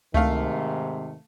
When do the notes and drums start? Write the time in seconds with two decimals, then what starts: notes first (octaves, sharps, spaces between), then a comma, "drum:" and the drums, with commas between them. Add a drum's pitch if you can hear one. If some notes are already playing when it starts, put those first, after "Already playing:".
0.14 G#2 C3 D#3 A3 F5, drum: tom C#2